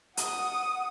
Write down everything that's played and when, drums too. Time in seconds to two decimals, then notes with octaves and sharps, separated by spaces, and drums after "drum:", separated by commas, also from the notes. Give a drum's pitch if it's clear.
0.17 F#5 D#6, drum: hi-hat